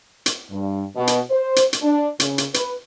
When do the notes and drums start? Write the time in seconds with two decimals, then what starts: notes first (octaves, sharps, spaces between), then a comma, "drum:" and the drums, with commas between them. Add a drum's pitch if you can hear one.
0.26 drum: hi-hat
0.51 G2
0.96 B2
1.07 drum: hi-hat
1.31 C5
1.56 drum: hi-hat
1.73 drum: hi-hat
1.82 D4
2.20 C#3, drum: hi-hat
2.38 drum: hi-hat
2.54 B4, drum: hi-hat